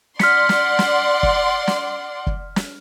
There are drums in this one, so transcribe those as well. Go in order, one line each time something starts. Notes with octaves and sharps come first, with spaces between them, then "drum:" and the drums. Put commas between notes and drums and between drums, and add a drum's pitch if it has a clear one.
D5 F#5 C6 F6 B6 C#7, drum: snare
drum: snare
drum: snare
drum: kick
drum: snare
drum: kick
drum: snare